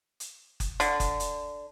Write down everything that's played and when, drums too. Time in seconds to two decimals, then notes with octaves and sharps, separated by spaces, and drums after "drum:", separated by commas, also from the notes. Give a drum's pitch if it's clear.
0.20 drum: hi-hat
0.60 drum: kick F#1, hi-hat
0.80 D3, drum: hi-hat
1.00 drum: kick F#1, hi-hat
1.20 drum: hi-hat